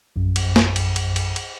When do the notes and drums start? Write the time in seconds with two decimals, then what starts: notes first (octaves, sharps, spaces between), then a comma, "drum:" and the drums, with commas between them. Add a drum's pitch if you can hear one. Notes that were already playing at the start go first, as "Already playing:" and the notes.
0.16 A#1 F#2
0.36 drum: cymbal
0.56 drum: snare
0.76 drum: cymbal
0.96 drum: cymbal
1.16 drum: cymbal
1.36 drum: cymbal